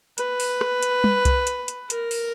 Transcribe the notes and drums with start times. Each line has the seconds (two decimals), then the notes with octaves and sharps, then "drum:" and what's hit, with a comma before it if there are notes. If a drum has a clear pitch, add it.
0.18 B4, drum: hi-hat
0.40 drum: open hi-hat
0.61 drum: rim click
0.83 drum: hi-hat
1.04 drum: tom G3
1.25 drum: kick C2, hi-hat
1.47 drum: hi-hat
1.68 drum: hi-hat
1.90 A#4, drum: hi-hat
2.11 drum: open hi-hat